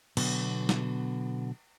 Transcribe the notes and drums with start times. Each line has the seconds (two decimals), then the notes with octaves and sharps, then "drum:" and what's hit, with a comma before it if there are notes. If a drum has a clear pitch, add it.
0.17 B2 D3 F#3 B3, drum: cymbal
0.69 drum: snare